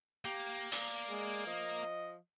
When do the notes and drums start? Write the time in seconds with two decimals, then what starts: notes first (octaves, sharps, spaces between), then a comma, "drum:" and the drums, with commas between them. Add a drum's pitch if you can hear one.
0.25 A#3 G4
0.72 D5, drum: open hi-hat
1.10 G#3
1.46 F3 D#5